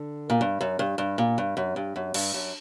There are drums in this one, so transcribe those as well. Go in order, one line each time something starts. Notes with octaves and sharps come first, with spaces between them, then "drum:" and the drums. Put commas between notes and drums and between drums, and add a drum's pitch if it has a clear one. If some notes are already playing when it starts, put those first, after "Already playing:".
Already playing: D3
A#2
G2
F#2
G2
G2
A#2
G2
F#2
G2
F#2
G2, drum: cymbal
F#2